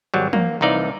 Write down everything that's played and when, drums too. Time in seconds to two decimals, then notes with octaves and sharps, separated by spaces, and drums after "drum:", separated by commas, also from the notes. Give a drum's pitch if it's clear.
0.14 G#1 F#3 G3
0.33 A#3, drum: tom
0.61 C2 E3 D#4 D5 F5